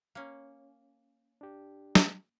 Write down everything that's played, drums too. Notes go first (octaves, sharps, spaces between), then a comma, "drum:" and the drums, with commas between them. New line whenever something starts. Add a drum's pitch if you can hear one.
A#3 C#4
D4 G4
drum: snare